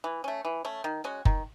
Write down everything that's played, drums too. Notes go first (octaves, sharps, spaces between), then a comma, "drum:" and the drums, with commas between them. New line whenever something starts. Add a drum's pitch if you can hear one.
E3
A3 C#4
E3
A3 C#4
D#3
G#3 C#4 F#4
D#3, drum: kick F#1